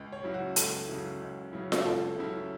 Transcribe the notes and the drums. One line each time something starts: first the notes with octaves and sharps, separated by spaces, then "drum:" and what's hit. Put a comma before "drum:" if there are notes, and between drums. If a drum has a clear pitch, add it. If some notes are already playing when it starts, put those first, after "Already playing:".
Already playing: C#2
C#5
C#3 F#3 C#4 E4
F#4
C#2 A4, drum: hi-hat
C#3 F#3 C#4 E4
C#2
C#3 F#3 C#4 E4
drum: snare F4
C#2 A4
C#3 F#3 C#4 E4